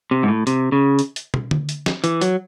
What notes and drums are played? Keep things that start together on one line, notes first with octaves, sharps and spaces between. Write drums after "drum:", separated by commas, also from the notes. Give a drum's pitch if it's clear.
C3
G#2
A2
C3, drum: hi-hat
C#3
drum: hi-hat
drum: hi-hat
drum: tom
drum: tom D3
drum: hi-hat
drum: snare
E3, drum: hi-hat
F#3, drum: hi-hat